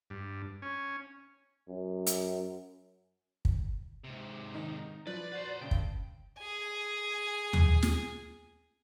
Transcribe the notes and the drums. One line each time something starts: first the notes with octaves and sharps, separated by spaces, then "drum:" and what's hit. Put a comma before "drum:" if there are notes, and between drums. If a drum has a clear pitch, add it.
G2
C#4
F#2
drum: hi-hat
drum: kick
G#2 C3
D#3 D#4 A#5
F3 B4 D5
F#4 B4 C5
G2 C#3 G5
drum: kick
G#4 G#5
drum: tom D#2
drum: snare